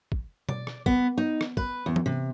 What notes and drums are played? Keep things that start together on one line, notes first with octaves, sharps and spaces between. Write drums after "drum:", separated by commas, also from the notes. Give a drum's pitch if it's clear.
drum: kick
D5, drum: tom B2
drum: rim click
B3, drum: kick
D#4
drum: rim click
B4, drum: kick
E2
drum: tom E3
C3